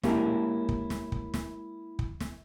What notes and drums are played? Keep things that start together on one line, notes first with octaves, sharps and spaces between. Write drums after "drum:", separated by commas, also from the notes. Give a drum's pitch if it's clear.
G#3 A#3 C#4 E4 G4 A#4, drum: snare
drum: kick
drum: snare
drum: kick
drum: snare
drum: kick
drum: snare